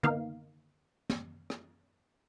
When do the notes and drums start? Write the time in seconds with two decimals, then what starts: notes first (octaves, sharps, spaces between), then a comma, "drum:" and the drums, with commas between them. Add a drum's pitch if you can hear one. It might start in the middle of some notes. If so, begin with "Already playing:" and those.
0.03 A#3 B3 D#4 F5, drum: tom
1.10 drum: snare
1.50 drum: rim click